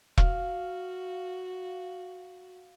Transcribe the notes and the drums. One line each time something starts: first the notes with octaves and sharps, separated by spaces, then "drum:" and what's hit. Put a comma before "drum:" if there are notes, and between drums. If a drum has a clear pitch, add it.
F#4 F5, drum: kick E1